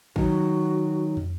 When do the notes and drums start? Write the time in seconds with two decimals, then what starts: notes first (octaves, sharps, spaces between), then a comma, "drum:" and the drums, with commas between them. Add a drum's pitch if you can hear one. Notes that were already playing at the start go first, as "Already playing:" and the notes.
0.16 D#3 F#3 F#4, drum: kick
1.17 drum: tom